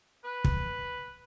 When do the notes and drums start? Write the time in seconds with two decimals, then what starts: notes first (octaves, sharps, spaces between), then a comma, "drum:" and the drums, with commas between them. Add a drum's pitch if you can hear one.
0.25 B4
0.44 drum: kick